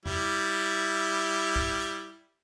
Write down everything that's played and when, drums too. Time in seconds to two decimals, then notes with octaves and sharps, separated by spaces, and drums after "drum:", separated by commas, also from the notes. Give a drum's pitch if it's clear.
0.06 G3 E4, drum: tom E2
1.56 drum: kick B1
1.80 drum: hi-hat